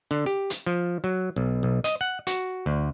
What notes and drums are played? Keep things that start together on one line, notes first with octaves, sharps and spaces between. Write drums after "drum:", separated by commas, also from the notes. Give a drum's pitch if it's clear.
D3
G4
drum: hi-hat
F3
F#3
B1
B1
D#5, drum: hi-hat
F#5
F#4, drum: hi-hat
D2